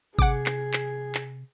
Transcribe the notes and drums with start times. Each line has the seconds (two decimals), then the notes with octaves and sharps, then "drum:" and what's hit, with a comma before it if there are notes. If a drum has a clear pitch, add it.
0.19 C3 G#4 F#5 D6, drum: kick G#1
0.46 drum: clap
0.74 drum: clap
1.15 drum: clap